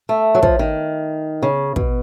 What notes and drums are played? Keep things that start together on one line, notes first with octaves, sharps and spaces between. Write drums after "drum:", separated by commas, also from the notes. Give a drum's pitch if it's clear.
A3
F#3
F3, drum: kick
D#3
C#3
B2, drum: kick